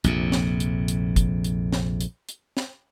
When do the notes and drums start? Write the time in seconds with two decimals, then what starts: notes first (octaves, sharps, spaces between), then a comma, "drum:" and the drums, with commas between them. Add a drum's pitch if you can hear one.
0.04 A#1 F2 C3, drum: hi-hat
0.32 drum: snare
0.60 drum: hi-hat
0.88 drum: hi-hat
1.16 drum: kick, hi-hat
1.44 drum: hi-hat
1.72 drum: snare
2.01 drum: hi-hat
2.29 drum: hi-hat
2.57 drum: snare